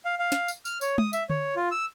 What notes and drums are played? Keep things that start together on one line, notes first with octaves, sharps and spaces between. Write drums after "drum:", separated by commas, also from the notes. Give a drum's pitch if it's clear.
F5
F5
drum: snare
drum: tambourine
F6, drum: tambourine
C#5, drum: tambourine
D#6, drum: tom G#3
E5, drum: tambourine
C#5, drum: tom D3
F4
E6